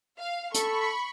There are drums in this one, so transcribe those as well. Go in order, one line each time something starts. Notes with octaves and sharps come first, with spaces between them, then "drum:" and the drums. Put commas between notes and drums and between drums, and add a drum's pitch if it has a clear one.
F5
A4 B5 C#6, drum: hi-hat